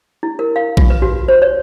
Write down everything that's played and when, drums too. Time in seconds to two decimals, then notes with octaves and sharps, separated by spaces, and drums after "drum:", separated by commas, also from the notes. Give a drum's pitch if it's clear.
0.23 E4
0.39 A#4
0.56 F5
0.77 F4, drum: kick A#1
0.90 B4
1.02 F#4
1.28 C5
1.42 C#5